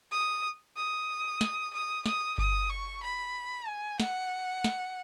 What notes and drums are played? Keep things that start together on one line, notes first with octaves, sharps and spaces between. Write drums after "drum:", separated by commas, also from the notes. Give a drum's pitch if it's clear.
D#6
D#6
drum: snare
D#6
D#6, drum: snare
D#6, drum: kick G1
C#6
B5
G#5
F#5, drum: snare
drum: snare